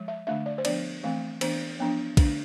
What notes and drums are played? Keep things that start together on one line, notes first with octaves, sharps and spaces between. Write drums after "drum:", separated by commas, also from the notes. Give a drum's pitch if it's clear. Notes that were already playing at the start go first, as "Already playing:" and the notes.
Already playing: F3 G#3
E5
D3 A3 D4 E5
D5
C5
F3 B3 D4 D5, drum: cymbal
E3 A3 C4
E3 B3 D4 C5, drum: cymbal
F3 B3 D4
D3 A3 D4, drum: kick, cymbal